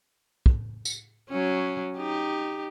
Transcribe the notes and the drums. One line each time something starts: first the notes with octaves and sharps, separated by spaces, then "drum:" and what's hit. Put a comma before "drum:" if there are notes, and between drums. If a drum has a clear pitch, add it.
drum: kick
drum: tambourine
F#3 C#4
D#4 G4